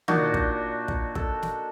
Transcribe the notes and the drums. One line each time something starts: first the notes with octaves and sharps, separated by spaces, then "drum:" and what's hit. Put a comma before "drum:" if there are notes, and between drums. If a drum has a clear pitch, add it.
A#2 D4 D#4 F#4, drum: tom D#3
drum: kick
drum: kick
A4, drum: kick
drum: snare